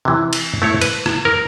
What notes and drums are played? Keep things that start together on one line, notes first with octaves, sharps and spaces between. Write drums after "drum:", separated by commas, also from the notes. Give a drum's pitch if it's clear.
C3 E3
drum: cymbal
A3 E4 C#5
B4, drum: cymbal
drum: rim click
A#4